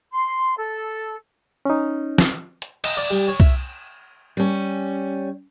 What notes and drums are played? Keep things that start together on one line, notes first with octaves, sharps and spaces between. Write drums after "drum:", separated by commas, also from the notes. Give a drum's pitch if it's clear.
C6
A4
C#4 D#4
drum: snare
drum: hi-hat
D#5, drum: cymbal
D5
G3
C#5
E5, drum: kick C2
G3 C#4